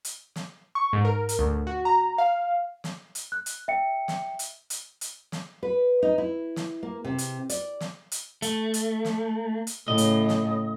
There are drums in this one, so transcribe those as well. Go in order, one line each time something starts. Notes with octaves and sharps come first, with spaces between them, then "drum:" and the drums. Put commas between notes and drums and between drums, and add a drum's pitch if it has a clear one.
drum: hi-hat
drum: snare
C#6
G#2
A#4
drum: hi-hat
D2
F#4
A#5
F5
drum: snare
drum: hi-hat
F#6
drum: hi-hat
E5 G5 C#7
drum: snare
drum: hi-hat
drum: hi-hat
drum: hi-hat
drum: snare
B4
D#4
E4
drum: snare
A#3
C3
drum: hi-hat
D5, drum: hi-hat
drum: snare
drum: hi-hat
A3, drum: hi-hat
drum: hi-hat
drum: snare
drum: hi-hat
A2 C#3 D#5
drum: hi-hat
drum: snare